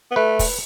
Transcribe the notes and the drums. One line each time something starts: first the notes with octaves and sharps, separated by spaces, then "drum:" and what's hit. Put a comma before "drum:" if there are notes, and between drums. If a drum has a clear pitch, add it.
B3
A3 B4
drum: kick, open hi-hat